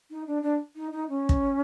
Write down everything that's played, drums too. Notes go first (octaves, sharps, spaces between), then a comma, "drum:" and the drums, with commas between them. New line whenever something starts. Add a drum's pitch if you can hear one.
D#4
D4
D4
D#4
D#4
C#4
drum: kick